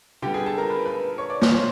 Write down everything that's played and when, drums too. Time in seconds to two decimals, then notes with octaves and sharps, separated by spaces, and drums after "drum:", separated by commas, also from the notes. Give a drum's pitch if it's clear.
0.22 D3 G3 B3 G4 G5
0.34 G#4 G#5
0.46 A4 A5
0.58 A#4 A#5
0.70 B4 B5
0.85 B4 B5
1.18 C#5 C#6
1.30 D5 D6
1.42 C#5 C#6, drum: snare
1.53 C5 C6